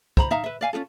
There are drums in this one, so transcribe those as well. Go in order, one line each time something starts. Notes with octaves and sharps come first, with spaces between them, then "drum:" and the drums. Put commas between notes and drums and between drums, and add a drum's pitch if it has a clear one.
C5 A#5 B5, drum: kick
D#4 E5 F5 A#5
B4 E5
D5 F5 G#5
C#4 D4 F4 A4